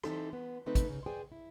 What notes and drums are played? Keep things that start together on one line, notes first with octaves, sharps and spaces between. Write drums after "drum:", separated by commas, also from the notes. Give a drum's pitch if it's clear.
E3 C4 D#4 G4 A4 C5, drum: rim click
B3
D3 A3 C4 D#4 A4 B4
drum: kick, hi-hat
C#3 D#4
G#4 B4 C5 D5 G5 G#5
E4